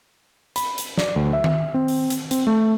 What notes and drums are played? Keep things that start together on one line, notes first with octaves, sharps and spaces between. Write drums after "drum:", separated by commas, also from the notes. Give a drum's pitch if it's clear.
B5, drum: hi-hat
drum: hi-hat
D5, drum: snare
D2
E5
drum: tom D#3
C4
drum: open hi-hat
drum: hi-hat
C4, drum: hi-hat
A3